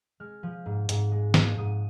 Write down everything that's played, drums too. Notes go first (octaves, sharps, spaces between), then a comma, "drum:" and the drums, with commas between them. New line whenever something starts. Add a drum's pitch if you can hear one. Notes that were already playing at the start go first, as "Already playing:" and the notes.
G#3 F6
F3
G#2
G#2, drum: hi-hat
G#3
F3, drum: snare
G#2 D#6